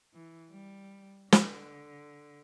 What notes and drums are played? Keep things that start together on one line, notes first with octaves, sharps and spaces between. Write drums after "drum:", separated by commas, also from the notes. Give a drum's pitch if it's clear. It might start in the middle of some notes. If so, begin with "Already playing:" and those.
E3
G3
D3, drum: snare